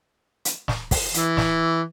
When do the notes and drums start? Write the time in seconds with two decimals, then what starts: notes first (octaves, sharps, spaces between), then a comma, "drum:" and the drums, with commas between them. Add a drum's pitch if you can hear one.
0.45 drum: hi-hat
0.68 drum: snare
0.91 drum: kick, open hi-hat
1.14 E3, drum: hi-hat
1.37 drum: snare